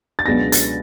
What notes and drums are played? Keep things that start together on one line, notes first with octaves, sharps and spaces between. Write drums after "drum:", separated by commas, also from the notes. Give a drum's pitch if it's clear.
A6
C#2 B2 F#3 B3 D4 A#6
A6, drum: hi-hat